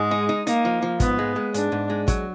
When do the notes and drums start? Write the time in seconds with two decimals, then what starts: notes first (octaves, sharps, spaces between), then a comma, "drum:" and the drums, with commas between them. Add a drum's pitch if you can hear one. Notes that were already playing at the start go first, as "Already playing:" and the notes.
Already playing: G#2 G#3
0.11 D#4
0.29 D#4
0.47 A#3 D#4, drum: hi-hat
0.65 F3
0.82 F3
1.00 G#2 B3, drum: kick, hi-hat
1.19 G#3
1.36 G#3
1.54 G#2 D4, drum: hi-hat
1.72 G#2
1.90 G#3
2.08 F#3, drum: kick, hi-hat